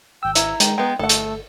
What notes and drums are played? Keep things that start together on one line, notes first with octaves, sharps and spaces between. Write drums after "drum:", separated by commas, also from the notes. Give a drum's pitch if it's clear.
G#1 G5 E6
E4 A#5, drum: hi-hat
D#3 G#3, drum: hi-hat
G#3 B3 G5
G1 A3 A4 F#5
drum: hi-hat